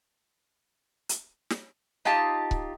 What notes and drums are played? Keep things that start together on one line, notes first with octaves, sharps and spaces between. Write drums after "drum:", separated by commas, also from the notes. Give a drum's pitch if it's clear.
drum: hi-hat
drum: snare
D#4 F4 G4 A5
drum: kick C#1